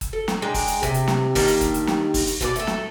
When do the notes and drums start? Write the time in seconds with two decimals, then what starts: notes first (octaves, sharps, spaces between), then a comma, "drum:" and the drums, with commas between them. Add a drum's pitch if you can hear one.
0.01 drum: kick, hi-hat
0.13 A4
0.28 drum: snare
0.42 G#3 D4 G5 A#5
0.54 drum: kick, open hi-hat
0.68 drum: hi-hat
0.83 C3, drum: kick, hi-hat
0.94 drum: hi-hat
1.08 drum: snare
1.35 D#3 G3 A#3 D4, drum: kick, open hi-hat
1.47 drum: hi-hat
1.61 drum: kick, hi-hat
1.74 drum: hi-hat
1.87 drum: snare
2.14 drum: kick, open hi-hat
2.27 drum: hi-hat
2.41 B2 A4 D5, drum: kick, hi-hat
2.56 A3 A4, drum: hi-hat
2.67 drum: snare